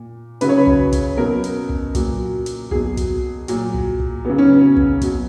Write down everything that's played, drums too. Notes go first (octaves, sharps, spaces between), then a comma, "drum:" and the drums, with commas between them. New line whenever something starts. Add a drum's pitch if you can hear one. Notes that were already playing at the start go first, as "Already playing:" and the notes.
Already playing: A#2
C#3 F#3 B4, drum: hi-hat
C#5
B4
drum: kick
drum: kick, hi-hat
B2 F#3 A#4
drum: hi-hat
drum: kick
A#2 F#3, drum: kick, hi-hat
drum: hi-hat
B2 F#3 G#4, drum: kick
drum: kick, hi-hat
A#2 F#3, drum: hi-hat
drum: kick
drum: kick
C#3 F#3 B3
C#4
B3
drum: kick
B2 F#3, drum: kick, hi-hat